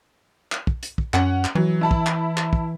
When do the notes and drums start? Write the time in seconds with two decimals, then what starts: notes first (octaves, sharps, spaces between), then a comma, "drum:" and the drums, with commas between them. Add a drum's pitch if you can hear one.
0.52 drum: clap
0.67 drum: kick
0.83 drum: hi-hat
0.98 drum: kick
1.14 F#2 C#4 F#5, drum: clap
1.44 drum: clap
1.55 E3 F#3
1.81 E4 A5 B5
1.91 drum: kick
2.06 drum: clap
2.37 drum: clap
2.53 drum: kick